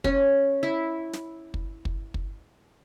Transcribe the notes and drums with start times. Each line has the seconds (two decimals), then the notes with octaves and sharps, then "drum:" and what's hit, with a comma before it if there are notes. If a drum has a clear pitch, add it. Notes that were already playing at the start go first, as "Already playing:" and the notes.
0.04 C#4, drum: kick
0.63 E4
1.13 drum: snare
1.54 drum: kick
1.85 drum: kick
2.14 drum: kick